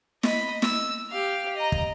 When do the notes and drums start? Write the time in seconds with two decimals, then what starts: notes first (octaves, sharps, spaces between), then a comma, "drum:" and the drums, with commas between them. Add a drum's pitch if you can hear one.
0.23 D#5 B5, drum: snare
0.62 E6, drum: snare
1.10 G4 F5
1.56 D#5 A#5
1.72 drum: kick